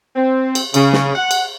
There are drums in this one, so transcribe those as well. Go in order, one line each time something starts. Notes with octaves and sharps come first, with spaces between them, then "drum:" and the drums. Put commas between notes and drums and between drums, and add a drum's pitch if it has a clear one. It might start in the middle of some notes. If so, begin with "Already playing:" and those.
C4
drum: cymbal
C#3, drum: cymbal
drum: snare
F#5
drum: cymbal